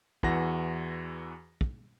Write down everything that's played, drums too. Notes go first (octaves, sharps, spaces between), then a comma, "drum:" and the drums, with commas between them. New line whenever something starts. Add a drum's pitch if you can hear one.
E2 E3 F#4 F#5 A#6, drum: kick
drum: kick